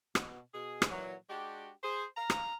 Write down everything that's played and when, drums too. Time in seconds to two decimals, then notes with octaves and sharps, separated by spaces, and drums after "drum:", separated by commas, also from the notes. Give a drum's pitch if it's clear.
0.15 B2, drum: rim click
0.53 B2 G#4
0.82 drum: rim click
0.91 A#2 E3 F#3
1.29 G#3 D4 F#4 G4
1.83 G#4 C5
2.16 F5 A#5
2.30 drum: rim click